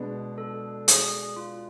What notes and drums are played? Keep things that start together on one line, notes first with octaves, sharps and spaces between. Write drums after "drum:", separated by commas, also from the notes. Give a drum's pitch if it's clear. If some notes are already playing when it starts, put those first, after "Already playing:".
Already playing: B2 G#3 B3 D4
A4
G#4, drum: hi-hat
F4